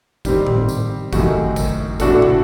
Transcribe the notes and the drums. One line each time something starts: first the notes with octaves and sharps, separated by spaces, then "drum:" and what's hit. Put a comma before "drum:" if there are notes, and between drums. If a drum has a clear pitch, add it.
D#3 G3 C4, drum: kick, tambourine
drum: tom A2
drum: tambourine
F#2 D#3 A3 D#4 F#4, drum: kick, tambourine
drum: kick, tambourine
A2 A3 D4 F#4 A4, drum: kick, tambourine
drum: tom